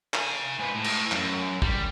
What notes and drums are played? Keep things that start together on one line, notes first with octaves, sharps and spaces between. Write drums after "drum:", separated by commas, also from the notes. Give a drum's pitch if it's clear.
F5 G#5, drum: clap
G#2 B4
A2
drum: cymbal
F#2, drum: clap
G3, drum: kick